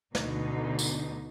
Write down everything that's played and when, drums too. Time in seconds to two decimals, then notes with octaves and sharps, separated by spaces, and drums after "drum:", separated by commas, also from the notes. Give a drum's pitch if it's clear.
0.15 D2 B2 D3 D#4, drum: snare
0.79 drum: tambourine